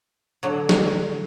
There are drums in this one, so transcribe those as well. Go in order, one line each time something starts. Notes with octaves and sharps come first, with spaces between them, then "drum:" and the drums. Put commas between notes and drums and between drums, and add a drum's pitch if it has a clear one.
D3 F#3
drum: snare